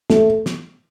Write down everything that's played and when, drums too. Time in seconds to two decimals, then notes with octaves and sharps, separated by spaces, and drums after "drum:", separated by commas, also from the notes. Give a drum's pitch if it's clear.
0.10 A3, drum: snare
0.46 drum: snare